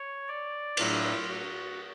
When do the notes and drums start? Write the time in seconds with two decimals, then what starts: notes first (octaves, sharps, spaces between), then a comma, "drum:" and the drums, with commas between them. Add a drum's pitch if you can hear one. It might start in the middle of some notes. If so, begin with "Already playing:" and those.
Already playing: C#5
0.28 D5
0.77 A2 F#3 A3 D4 F4, drum: cymbal
1.28 F#4